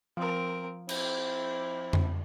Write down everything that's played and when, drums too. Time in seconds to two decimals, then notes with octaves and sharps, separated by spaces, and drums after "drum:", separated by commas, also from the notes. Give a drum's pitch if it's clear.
0.17 F3 C4 A#4
0.89 C4 E4, drum: cymbal
1.93 drum: tom F2